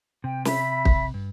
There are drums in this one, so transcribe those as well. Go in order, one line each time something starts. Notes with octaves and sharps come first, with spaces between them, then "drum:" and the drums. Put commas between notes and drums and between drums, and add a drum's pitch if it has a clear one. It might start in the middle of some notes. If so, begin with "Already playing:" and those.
C3 G5
E5 B5, drum: snare
drum: kick
G2